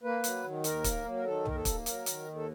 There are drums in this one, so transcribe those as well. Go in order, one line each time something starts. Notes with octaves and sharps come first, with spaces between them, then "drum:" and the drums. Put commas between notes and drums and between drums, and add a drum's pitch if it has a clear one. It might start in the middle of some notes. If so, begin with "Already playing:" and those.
A#3 B4
F#3, drum: hi-hat
D#3
D#2 A#4, drum: hi-hat
A#3, drum: kick, hi-hat
F#3
A#4
D#3 A4
D#2 A#4, drum: tom
A4
A#3, drum: kick, hi-hat
F#3 A#4, drum: hi-hat
D#3, drum: hi-hat
D#2
A4